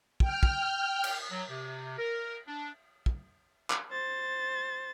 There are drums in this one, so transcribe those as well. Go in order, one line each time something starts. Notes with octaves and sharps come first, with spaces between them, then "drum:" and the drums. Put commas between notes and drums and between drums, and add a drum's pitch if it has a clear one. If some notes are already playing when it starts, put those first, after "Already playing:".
G5 F6, drum: kick
drum: kick
drum: cymbal
F#3
C3
A#4
D4
drum: kick
drum: clap
C5 A6